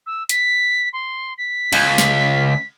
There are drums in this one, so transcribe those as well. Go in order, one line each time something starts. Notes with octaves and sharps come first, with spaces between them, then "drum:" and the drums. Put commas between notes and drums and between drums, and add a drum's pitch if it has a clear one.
E6
B6, drum: hi-hat
C6
B6
C#2, drum: cymbal
drum: snare